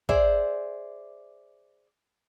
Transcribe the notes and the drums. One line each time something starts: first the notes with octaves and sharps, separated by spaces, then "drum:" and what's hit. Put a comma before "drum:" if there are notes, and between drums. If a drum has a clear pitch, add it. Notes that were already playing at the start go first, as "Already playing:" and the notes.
G#4 C5 D5 E5, drum: kick